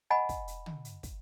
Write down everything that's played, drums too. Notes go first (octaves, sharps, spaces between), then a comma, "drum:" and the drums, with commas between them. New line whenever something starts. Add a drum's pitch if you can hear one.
D#5 F#5 G#5 B5
drum: kick, hi-hat
drum: hi-hat
drum: tom
drum: hi-hat
drum: kick, hi-hat